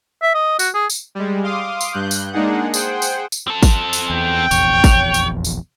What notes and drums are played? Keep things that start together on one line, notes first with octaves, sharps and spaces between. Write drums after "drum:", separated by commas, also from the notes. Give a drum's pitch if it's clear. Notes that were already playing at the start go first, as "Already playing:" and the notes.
E5
D#5
F#4, drum: tambourine
G#4
drum: tambourine
G3 G#3
F5 C6 D6 D#6
drum: tambourine
G2 F#6 G6
drum: tambourine
G#3 A#3 D4 D#4 G#4 F#5
G#4 C5 F#5 G5, drum: tambourine
drum: tambourine
drum: tambourine
C4 A4
drum: kick, tambourine
drum: tambourine
E2 G5
F1 A#1 E2 C#5, drum: tambourine
drum: kick, tambourine
drum: tambourine
drum: tambourine